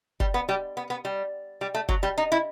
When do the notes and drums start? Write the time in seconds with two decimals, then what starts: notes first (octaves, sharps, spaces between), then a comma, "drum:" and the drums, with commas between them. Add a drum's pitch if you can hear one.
0.20 G3, drum: kick F#1
0.34 B3
0.49 G3
0.77 B3
0.90 B3
1.05 G3
1.61 G3
1.74 A3
1.89 F#3, drum: kick F#1
2.03 G3
2.18 D#4
2.32 E4